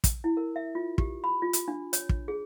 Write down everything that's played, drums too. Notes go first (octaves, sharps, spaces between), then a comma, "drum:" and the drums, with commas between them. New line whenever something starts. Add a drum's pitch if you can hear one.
drum: kick, hi-hat
E4
A#4
E5
F4
G4, drum: kick
B5
F4
drum: hi-hat
D4
C#5, drum: hi-hat
drum: kick
G#4